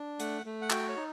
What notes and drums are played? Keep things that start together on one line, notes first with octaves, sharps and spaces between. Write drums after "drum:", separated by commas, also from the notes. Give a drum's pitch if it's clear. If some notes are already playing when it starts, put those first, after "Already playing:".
Already playing: D4
A3 F#5, drum: hi-hat
A3
F#5
F#4 G5, drum: clap
C#5
D#4